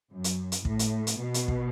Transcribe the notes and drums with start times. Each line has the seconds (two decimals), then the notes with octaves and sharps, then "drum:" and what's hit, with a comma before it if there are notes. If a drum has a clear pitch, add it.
0.11 F#2
0.24 drum: hi-hat
0.52 drum: hi-hat
0.65 A2, drum: kick
0.79 drum: hi-hat
1.07 drum: hi-hat
1.20 B2
1.34 drum: hi-hat
1.48 drum: kick